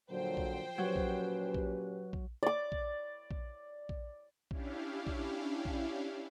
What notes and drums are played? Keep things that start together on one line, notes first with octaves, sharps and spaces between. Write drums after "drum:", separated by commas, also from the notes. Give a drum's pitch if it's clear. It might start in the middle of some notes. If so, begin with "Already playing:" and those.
A#2 D3 F3 F#3 C5 G5
drum: kick A#1
A#2 F#3 C#4 G4 B4
drum: kick A#1
drum: kick A#1
drum: kick A#1
D5 D6
drum: kick A#1
drum: kick A#1
drum: kick A#1
C#4 D4 E4 G4 F5, drum: kick A#1
drum: kick A#1
drum: kick A#1